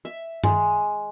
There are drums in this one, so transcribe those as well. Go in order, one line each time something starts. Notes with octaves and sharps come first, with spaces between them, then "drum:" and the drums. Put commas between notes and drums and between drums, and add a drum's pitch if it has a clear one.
E5
G#3, drum: tom G2